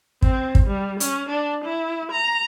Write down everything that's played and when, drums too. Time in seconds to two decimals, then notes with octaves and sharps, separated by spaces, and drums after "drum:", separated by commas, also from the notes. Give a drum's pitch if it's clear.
0.22 C4, drum: kick
0.55 drum: kick
0.67 G3
1.00 C#4, drum: hi-hat
1.29 D4
1.65 E4
2.12 A#5